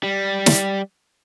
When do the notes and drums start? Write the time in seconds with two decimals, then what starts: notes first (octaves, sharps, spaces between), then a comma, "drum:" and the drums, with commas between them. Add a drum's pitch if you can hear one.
0.03 G3
0.46 drum: snare